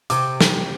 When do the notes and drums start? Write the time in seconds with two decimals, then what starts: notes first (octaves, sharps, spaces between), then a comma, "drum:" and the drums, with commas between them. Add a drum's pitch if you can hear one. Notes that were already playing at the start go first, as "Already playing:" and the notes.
0.10 C3 D6, drum: hi-hat
0.41 drum: snare